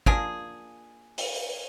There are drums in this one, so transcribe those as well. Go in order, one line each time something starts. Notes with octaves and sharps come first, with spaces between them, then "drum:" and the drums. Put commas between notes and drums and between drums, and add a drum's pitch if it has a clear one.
A#3 D4 F4 G#4, drum: kick
drum: open hi-hat